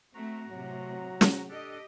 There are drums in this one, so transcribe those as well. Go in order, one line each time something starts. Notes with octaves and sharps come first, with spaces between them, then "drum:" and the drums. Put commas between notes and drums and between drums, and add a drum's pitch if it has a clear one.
A3 C4 F#4 A#5
A2 C3 F#3
drum: snare
D4 G4 A4 D#5